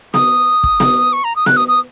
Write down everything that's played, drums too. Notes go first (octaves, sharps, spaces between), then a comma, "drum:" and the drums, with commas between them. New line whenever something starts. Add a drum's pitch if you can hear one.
D#6, drum: snare B3
drum: kick
drum: snare B3
C#6
A#5
D#6
F#6, drum: snare B3
D#6
D#6